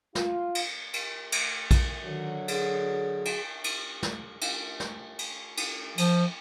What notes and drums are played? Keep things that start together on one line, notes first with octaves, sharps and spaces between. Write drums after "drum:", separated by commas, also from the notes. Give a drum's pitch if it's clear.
F4, drum: snare
drum: cymbal
drum: cymbal
drum: cymbal
drum: kick A#1, cymbal
D3 D#3 F#3
G#4, drum: cymbal
drum: cymbal
drum: cymbal
drum: snare
drum: cymbal
drum: snare
drum: cymbal
drum: cymbal
F3, drum: cymbal